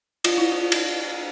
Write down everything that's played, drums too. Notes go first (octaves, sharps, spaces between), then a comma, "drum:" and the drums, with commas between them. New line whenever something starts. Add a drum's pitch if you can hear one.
F4, drum: cymbal
E4
F4
drum: cymbal